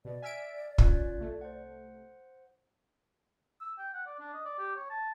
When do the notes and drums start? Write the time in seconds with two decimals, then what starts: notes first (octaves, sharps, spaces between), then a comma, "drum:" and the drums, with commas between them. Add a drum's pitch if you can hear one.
0.05 B2 D5
0.22 E5 G#5 E6 F6 B6 D7
0.78 C#4 F4 F#6 G#6, drum: kick
1.17 C2 A3
1.41 C5 F#5
3.61 E6
3.78 G5
3.94 F#5
4.06 D5
4.19 D4
4.34 D#5
4.45 D5
4.59 G4
4.76 C#5
4.90 A5